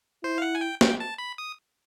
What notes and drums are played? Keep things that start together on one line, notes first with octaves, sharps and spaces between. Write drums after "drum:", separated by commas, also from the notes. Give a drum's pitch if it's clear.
E4 C5
F5
F#5
G#5
G5
G5, drum: snare
A5
B5
D#6